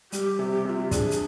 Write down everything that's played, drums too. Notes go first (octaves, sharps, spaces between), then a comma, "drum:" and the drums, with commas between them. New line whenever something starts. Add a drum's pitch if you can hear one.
G3 G4, drum: hi-hat
C3
C3 F4
G4
D4 G#4, drum: kick, hi-hat
drum: hi-hat